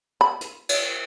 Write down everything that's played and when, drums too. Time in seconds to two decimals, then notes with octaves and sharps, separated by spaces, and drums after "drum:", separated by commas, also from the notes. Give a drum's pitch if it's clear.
0.21 B5
0.41 drum: hi-hat
0.69 drum: cymbal